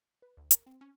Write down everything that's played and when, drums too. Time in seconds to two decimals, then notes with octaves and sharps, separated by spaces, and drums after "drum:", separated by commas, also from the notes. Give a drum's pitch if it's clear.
0.22 B4
0.37 D2
0.51 A#4, drum: hi-hat
0.66 C4
0.81 C#4